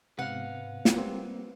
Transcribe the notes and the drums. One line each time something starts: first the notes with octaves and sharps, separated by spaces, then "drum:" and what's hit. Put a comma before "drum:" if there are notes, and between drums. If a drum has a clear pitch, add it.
G#2 C3 B3 B4 F5 F#5
drum: snare
G3 A#3 C4